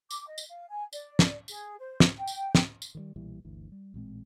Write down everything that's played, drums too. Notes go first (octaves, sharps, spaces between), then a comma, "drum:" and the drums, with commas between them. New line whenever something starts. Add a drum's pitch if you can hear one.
D6, drum: tambourine
D#5
drum: tambourine
F5
G#5
D5, drum: tambourine
drum: snare
G#4, drum: tambourine
C5
drum: snare
G5
drum: tambourine
drum: snare
drum: tambourine
D#3 E3 G3
B1 A#2 E3 G3
G1 D2 E3
G3
A1 A#2 G#3 C4